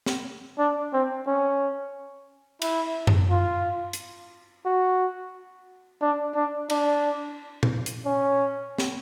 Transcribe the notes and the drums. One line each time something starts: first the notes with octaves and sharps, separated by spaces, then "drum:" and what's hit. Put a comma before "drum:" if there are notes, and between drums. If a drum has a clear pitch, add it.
drum: snare
D4
C4
C#4
E4, drum: cymbal
drum: tom F#2
F4
drum: hi-hat
F#4
D4
D4
D4, drum: cymbal
drum: tom A#2
drum: hi-hat
C#4
drum: snare